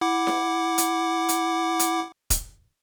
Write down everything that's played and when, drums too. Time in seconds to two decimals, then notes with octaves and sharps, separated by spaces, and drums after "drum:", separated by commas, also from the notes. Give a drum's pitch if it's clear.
0.01 E4 F#5 D6
0.27 drum: snare E4
0.78 drum: hi-hat
1.29 drum: hi-hat
1.79 drum: hi-hat
2.30 drum: kick E1, hi-hat